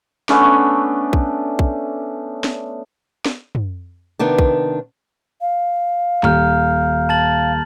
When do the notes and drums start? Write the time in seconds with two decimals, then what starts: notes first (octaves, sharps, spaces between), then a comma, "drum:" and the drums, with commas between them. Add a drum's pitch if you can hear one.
0.29 A3 B3 C#4 D4, drum: snare
1.13 drum: kick
1.59 drum: kick
2.44 drum: snare
3.26 drum: snare
3.55 drum: tom
4.19 C3 D#3 B3 D4
4.39 drum: kick
5.41 F5
6.23 D#1 A#5 F6 G6, drum: clap
7.09 A5 A6 F#7